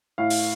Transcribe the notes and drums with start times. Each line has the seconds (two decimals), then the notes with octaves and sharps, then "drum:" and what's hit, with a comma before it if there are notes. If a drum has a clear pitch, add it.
0.18 A2 F5
0.30 drum: open hi-hat